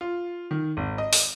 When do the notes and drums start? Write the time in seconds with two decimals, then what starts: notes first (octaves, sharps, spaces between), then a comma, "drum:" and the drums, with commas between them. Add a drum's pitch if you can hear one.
0.01 F4
0.51 D#3
0.77 G#1
0.98 D#5
1.13 drum: open hi-hat